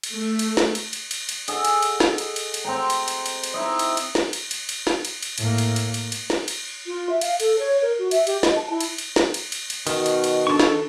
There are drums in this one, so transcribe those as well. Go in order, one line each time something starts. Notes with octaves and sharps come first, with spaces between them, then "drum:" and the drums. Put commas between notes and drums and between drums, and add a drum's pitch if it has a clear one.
drum: cymbal
A3
drum: cymbal
drum: snare
drum: cymbal
drum: cymbal
drum: cymbal
drum: cymbal
G#4 A4 D#5 F#5, drum: cymbal
drum: cymbal
drum: cymbal
drum: snare
drum: cymbal
drum: cymbal
drum: cymbal
C4 G5 A#5
drum: cymbal
drum: cymbal
drum: cymbal
drum: cymbal
D#4 E4 D#5
drum: cymbal
drum: cymbal
drum: snare
drum: cymbal
drum: cymbal
drum: cymbal
drum: snare
drum: cymbal
drum: cymbal
A2 A#3, drum: cymbal
drum: cymbal
drum: cymbal
drum: cymbal
drum: cymbal
drum: snare
drum: cymbal
F4
E5
F5, drum: cymbal
A4, drum: cymbal
C#5
A#4
F#4
E5, drum: cymbal
G4, drum: cymbal
D#5, drum: snare
A5
E4
drum: cymbal
drum: cymbal
drum: snare
drum: cymbal
drum: cymbal
drum: cymbal
B2 D#3, drum: cymbal
drum: cymbal
drum: cymbal
D4 A4 C#6
drum: snare